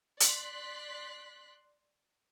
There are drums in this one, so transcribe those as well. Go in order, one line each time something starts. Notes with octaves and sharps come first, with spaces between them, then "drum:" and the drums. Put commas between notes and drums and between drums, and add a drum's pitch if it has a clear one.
D5 C6 F#6 B6, drum: hi-hat